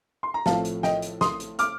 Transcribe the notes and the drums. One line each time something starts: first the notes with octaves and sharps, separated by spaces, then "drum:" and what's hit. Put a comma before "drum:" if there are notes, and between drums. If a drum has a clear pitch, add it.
C6
A#5
A2 F3 A3 C4 F5 A5, drum: snare
drum: hi-hat
D#5 G5, drum: snare
drum: hi-hat
C6 D#6, drum: snare
drum: hi-hat
D6 F6, drum: hi-hat